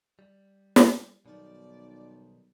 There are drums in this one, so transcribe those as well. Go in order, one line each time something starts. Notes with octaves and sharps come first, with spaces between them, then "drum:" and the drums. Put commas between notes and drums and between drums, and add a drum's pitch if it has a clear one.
G3
drum: snare
B1 B2 D#3 G3 D5